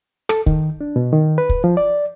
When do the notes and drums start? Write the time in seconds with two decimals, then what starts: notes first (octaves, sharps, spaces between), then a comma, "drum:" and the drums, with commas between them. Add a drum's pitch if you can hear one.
0.29 A4, drum: rim click
0.46 D#3, drum: kick
0.81 D4
0.96 B2
1.12 D#3
1.38 B4
1.49 drum: kick
1.64 F3
1.77 D5